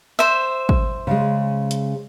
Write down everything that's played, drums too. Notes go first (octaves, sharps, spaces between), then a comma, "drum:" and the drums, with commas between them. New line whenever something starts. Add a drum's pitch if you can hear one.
C5 E5
drum: kick
C#3 G#3
drum: hi-hat